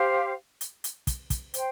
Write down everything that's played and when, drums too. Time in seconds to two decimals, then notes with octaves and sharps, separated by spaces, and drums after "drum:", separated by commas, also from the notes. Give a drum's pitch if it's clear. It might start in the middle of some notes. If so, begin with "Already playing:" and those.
Already playing: G4 C5 F5
0.61 drum: hi-hat
0.84 drum: hi-hat
1.07 drum: kick, hi-hat
1.30 drum: kick, hi-hat
1.54 C5 G5, drum: hi-hat